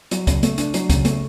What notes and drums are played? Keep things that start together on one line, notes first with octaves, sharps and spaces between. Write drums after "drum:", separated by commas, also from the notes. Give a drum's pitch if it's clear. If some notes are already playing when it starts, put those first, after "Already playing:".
F#3, drum: hi-hat
C#3, drum: kick, hi-hat
A3, drum: hi-hat
D4, drum: hi-hat
F#3, drum: hi-hat
C#3, drum: kick, hi-hat
A3, drum: hi-hat